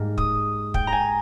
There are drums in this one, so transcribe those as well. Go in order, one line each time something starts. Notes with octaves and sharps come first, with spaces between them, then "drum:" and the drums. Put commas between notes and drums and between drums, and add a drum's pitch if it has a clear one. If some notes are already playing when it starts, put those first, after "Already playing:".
Already playing: G#2 G3 A#3
D#6, drum: kick
G5, drum: kick
A#5
G#5